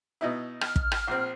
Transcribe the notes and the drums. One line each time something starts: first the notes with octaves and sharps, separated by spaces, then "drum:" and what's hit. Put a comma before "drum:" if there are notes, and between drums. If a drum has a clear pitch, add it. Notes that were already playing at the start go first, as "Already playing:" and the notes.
B2 D#4 E4
F6, drum: rim click
drum: kick
drum: rim click
A#1 C4